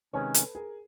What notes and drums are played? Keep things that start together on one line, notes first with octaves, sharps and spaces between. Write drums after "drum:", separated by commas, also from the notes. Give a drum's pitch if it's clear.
C3 D#3 G#3 C#4 B4 C#5
A4 B4, drum: hi-hat
G#4 A#4